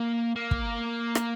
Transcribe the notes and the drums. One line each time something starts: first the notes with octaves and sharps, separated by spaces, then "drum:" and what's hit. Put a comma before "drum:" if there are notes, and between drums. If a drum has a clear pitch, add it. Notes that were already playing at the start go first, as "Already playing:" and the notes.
Already playing: A#3
A#3
drum: kick
drum: rim click